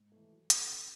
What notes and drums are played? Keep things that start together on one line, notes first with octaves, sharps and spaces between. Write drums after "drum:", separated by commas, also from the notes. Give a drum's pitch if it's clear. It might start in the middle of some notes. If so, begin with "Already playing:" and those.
Already playing: G#2
E3 A3
F#3
C#4 F#4 A4, drum: hi-hat
C#3